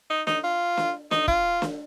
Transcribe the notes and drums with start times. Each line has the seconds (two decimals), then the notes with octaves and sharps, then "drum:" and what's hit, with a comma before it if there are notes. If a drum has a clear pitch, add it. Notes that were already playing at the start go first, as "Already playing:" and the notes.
0.10 D#4
0.27 D#4, drum: snare
0.44 F4
0.77 drum: snare
1.11 D#4, drum: snare
1.28 F4, drum: kick
1.62 drum: snare